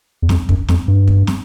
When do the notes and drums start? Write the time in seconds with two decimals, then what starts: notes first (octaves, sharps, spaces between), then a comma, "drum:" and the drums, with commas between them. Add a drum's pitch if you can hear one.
0.22 E2
0.29 F2, drum: snare
0.49 F#2, drum: kick
0.68 F2, drum: snare
0.88 G2
1.08 drum: kick
1.27 drum: snare